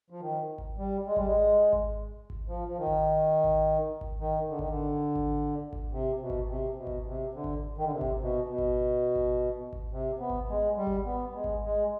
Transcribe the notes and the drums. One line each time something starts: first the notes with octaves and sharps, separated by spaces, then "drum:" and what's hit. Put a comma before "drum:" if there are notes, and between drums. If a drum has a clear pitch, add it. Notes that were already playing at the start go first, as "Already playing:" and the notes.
F3
D#3
drum: kick G#1
G3
G#3
G3, drum: kick G#1
G#3
drum: kick G#1
drum: kick G#1
F3
F3
D#3
drum: kick G#1
drum: kick G#1
drum: kick G#1
D#3
D3
D#3, drum: kick G#1
D3
drum: kick G#1
drum: kick G#1
C3
B2
drum: kick G#1
C3
B2
drum: kick G#1
C3
D3
drum: kick G#1
D#3
D3
C3
drum: kick G#1
B2
B2
drum: kick G#1
drum: kick G#1
drum: kick G#1
C3
B3
drum: kick G#1
G#3
G3
drum: kick G#1
B3
G#3
drum: kick G#1
G#3